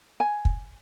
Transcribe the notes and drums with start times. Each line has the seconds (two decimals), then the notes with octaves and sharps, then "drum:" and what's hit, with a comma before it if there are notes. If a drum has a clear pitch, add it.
0.20 G#5
0.45 drum: kick